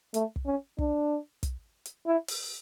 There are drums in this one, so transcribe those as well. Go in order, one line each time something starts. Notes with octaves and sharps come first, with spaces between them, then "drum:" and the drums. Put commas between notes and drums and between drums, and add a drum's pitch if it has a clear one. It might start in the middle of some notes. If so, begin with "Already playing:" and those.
A3, drum: hi-hat
drum: kick
C#4
D4, drum: kick
drum: kick, hi-hat
drum: hi-hat
E4
drum: open hi-hat